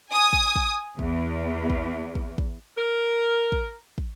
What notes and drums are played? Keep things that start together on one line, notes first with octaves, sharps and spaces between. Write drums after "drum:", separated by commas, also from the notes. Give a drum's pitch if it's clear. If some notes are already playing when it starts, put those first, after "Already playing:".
G#5 D#6
drum: kick
drum: kick
E2, drum: kick
drum: kick
drum: kick
drum: kick
A#4
drum: kick
drum: kick